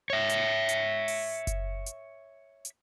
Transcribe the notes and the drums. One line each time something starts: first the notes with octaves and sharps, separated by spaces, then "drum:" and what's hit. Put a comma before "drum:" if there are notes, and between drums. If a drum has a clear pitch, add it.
C#5 E5
drum: hi-hat
drum: hi-hat
drum: open hi-hat
drum: kick F#1, hi-hat
drum: hi-hat
drum: hi-hat